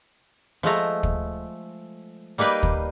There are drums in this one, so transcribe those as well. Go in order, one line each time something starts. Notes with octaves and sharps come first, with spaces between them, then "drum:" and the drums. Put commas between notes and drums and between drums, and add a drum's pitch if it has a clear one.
F3 G#3 A3 A#5
drum: kick
G3 A#3 D#4 B4 D5
drum: kick